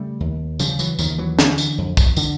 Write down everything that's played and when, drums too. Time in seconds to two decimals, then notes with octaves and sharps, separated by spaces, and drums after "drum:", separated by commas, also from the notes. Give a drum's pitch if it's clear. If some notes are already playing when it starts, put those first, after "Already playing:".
Already playing: C#3 G3 A3
0.20 D#2
0.59 C#3 F3 G3, drum: tambourine
0.79 E3 F#3, drum: tambourine
0.99 D#2 D#3 F3, drum: tambourine
1.18 E3 F#3
1.39 D3, drum: snare
1.58 drum: tambourine
1.78 F2
1.97 drum: kick, tambourine
2.17 D3, drum: tambourine